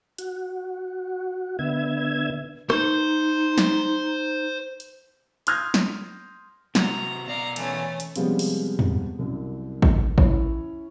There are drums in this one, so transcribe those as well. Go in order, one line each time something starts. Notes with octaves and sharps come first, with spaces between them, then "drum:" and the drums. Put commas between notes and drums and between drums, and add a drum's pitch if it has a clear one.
F#4, drum: hi-hat
D3 B3 E5 G#6
D#4 C5, drum: rim click
drum: snare
drum: hi-hat
C6 D#6 F6 G6 G#6 A#6, drum: hi-hat
drum: snare
C3 F#4 A#5, drum: snare
B2 D5 F5 A#5
E3 A3 C#4, drum: cymbal
drum: hi-hat
C3 F3 G3 G#3 B3 C#4, drum: hi-hat
drum: open hi-hat
drum: tom
C2 F#2
drum: kick A1
C#4 E4 C#5, drum: kick A1